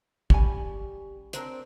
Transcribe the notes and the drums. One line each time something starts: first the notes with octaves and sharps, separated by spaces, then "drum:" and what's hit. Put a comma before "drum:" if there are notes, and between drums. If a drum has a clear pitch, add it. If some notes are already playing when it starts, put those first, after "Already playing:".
G3 C#4 G#5, drum: kick
C4 D4 A#4, drum: hi-hat